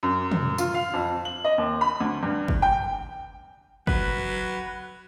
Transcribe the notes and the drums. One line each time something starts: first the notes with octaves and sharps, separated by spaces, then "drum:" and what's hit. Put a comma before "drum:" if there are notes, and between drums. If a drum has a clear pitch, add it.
F#2
drum: tom
F4, drum: tambourine
F5
F2
F#7
D#5
D#2
B5
D2
G2
drum: kick
G5
F#3 B4, drum: kick